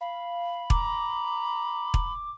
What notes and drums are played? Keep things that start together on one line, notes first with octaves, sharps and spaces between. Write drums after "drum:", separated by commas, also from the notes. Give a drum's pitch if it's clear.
F5 B5
A#5 D6, drum: kick
drum: kick